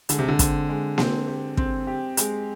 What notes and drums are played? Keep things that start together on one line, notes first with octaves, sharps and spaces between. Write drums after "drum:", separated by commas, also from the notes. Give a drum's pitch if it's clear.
D3 G#3, drum: hi-hat
C3
D3
C4, drum: kick, hi-hat
G#3
C4, drum: snare A#3
G4
C4, drum: kick
G4
G#3, drum: hi-hat